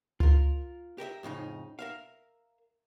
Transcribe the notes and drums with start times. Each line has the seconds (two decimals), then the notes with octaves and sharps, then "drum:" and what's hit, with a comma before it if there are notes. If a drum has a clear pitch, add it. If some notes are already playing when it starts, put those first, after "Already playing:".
0.20 F4 A#4, drum: tom C#2
0.98 G4 A#4 D#5 E5
1.23 F2 A2 C#3 D#4
1.79 A#4 E5 F5